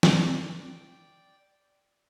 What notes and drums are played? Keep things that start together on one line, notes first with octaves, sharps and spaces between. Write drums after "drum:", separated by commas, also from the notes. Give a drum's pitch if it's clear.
drum: snare
D5 G5